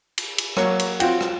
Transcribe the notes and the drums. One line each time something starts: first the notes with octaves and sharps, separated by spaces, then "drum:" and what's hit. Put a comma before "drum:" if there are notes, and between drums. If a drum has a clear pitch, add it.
drum: cymbal
drum: cymbal
F#3 A#3 C#5 C#6, drum: rim click
drum: cymbal
C4 F4 F#4 G5, drum: cymbal
drum: rim click